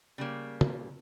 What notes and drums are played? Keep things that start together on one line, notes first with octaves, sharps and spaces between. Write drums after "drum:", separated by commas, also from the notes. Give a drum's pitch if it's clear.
C#3 G3 A#3
drum: tom